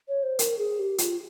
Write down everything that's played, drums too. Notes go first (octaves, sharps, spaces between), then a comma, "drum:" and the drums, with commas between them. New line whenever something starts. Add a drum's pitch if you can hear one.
C#5
C5
A#4, drum: hi-hat
G#4
G4
F4, drum: hi-hat